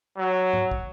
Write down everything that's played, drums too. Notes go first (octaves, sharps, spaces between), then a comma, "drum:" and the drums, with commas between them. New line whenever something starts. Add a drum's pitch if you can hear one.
F#3
drum: tom
drum: kick